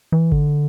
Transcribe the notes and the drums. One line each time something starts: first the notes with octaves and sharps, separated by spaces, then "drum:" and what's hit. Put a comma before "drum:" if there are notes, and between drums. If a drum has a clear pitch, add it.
E3
D3, drum: kick G#1